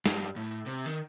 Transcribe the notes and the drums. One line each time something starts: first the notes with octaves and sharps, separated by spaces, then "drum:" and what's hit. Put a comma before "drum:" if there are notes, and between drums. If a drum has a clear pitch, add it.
G2, drum: snare
A2
C3
D#3